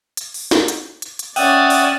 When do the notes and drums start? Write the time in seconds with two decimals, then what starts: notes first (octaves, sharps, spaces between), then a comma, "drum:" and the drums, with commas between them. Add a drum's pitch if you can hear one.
0.17 drum: hi-hat
0.34 drum: open hi-hat
0.51 drum: snare
0.68 drum: hi-hat
1.02 drum: hi-hat
1.19 drum: hi-hat
1.36 C#4 D5 E5 F#5 G5 D#6, drum: open hi-hat
1.70 drum: open hi-hat